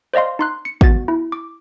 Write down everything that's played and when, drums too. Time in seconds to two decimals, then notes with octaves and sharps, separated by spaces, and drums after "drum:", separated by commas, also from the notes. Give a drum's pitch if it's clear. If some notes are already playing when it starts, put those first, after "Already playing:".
0.14 C5 D5 D#5 F5 C6
0.39 D#4 C6 F#6
0.65 C#7
0.81 B3 F#4 A6, drum: kick
1.08 E4
1.32 D6